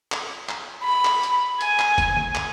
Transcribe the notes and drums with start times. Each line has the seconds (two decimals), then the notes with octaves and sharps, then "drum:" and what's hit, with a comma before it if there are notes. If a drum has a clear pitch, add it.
0.12 drum: clap
0.49 drum: clap
0.83 B5
1.05 drum: clap
1.23 drum: hi-hat
1.61 G#5, drum: hi-hat
1.79 drum: clap
1.98 drum: kick, hi-hat
2.16 drum: tom D3
2.35 drum: clap